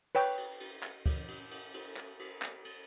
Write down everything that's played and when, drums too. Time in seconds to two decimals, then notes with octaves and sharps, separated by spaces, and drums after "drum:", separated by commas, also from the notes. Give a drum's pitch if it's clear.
0.15 B4 C#5 G5, drum: cymbal
0.37 drum: cymbal
0.60 drum: cymbal
0.83 drum: clap
1.06 drum: kick, cymbal
1.28 drum: cymbal
1.51 drum: cymbal
1.74 drum: cymbal
1.97 drum: clap
2.19 drum: cymbal
2.42 drum: clap
2.65 drum: cymbal